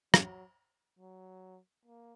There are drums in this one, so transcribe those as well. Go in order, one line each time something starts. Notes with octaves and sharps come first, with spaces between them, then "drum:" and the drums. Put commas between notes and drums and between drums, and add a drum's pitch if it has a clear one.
F#3, drum: rim click
F#3
A#3